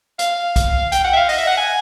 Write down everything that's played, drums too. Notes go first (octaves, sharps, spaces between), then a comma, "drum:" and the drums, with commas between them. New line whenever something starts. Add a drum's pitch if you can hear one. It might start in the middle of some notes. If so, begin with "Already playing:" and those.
F5, drum: hi-hat
drum: kick, hi-hat
G5, drum: hi-hat
F#5
E5
F5
D#5, drum: open hi-hat
E5
F#5
G#5